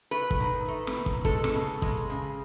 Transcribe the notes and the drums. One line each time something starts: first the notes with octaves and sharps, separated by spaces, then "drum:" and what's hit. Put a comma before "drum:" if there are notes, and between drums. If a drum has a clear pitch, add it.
A3 B4
drum: kick
D#3
A3
drum: snare
D#3
drum: kick
G#3 A4, drum: kick
drum: snare
C#3
G#3, drum: kick
C#3